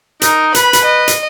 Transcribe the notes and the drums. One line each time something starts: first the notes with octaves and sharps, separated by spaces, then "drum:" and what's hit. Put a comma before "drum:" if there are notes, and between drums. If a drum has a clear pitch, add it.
D#4 A#4, drum: hi-hat
B4 B5, drum: hi-hat
drum: hi-hat
D#5
drum: hi-hat